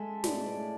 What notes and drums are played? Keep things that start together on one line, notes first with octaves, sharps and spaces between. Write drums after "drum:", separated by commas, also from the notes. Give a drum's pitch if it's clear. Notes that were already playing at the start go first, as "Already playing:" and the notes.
Already playing: G#3 A4 E5
A2 D5, drum: snare
D5
A2